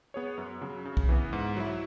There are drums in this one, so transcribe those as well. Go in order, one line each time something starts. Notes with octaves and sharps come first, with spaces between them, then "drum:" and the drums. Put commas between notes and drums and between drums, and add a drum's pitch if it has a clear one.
B3 G#4 C#5
F#2
C#3 F#3
C#3
drum: kick B1
E3 B3
G#2
F#3 E4